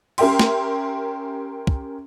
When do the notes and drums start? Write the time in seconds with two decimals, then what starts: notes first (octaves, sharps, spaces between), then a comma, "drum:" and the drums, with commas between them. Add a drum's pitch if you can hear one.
0.18 C#4 G4 A#4 E5 G5 C6, drum: cymbal
0.39 drum: snare
1.67 drum: kick